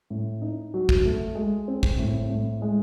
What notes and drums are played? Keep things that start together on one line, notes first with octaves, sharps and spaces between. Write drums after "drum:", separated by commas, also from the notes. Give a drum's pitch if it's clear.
A2
D#4
F#3
drum: kick
A3
G#3
C4
drum: kick
A2
A2
G#3